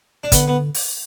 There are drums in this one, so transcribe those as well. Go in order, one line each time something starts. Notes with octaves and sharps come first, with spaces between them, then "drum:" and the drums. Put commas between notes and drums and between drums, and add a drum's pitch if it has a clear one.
D4
D3 B3, drum: kick, hi-hat
B3
drum: open hi-hat